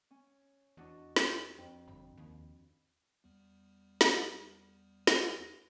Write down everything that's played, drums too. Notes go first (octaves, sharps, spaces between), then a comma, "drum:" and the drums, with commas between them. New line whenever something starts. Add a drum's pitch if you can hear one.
C#4
E2 D4 F#4 D#5
drum: snare
F2 C4 G5
G1 B5
D#2
E2 G3 B3
drum: snare
drum: snare